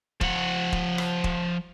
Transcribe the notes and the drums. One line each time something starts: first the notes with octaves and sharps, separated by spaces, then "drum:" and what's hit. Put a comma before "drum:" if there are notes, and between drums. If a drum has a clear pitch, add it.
F3 F#5, drum: kick E1
drum: kick E1
drum: rim click
drum: kick E1